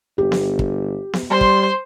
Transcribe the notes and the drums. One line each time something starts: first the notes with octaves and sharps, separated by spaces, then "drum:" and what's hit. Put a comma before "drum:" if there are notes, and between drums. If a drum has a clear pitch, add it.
G1 G4
drum: snare B3
drum: kick
drum: snare B3
G3 C5 C6
drum: kick